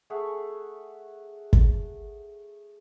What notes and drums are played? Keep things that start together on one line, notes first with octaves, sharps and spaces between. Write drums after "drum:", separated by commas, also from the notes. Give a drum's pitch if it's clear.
A3 G#4 E5 F#5
drum: kick